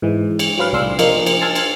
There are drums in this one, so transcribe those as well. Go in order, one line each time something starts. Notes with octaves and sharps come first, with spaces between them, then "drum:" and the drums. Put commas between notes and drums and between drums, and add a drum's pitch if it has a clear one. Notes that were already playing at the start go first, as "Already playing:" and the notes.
G#2 E3 G#3
drum: cymbal
F3 F#3 F4 B4 F5
C2 A2 D4 F5 C6 E6
F3 A#3 D#4, drum: cymbal
drum: cymbal
G#5 A5 C6 E6 F6 G#6
drum: cymbal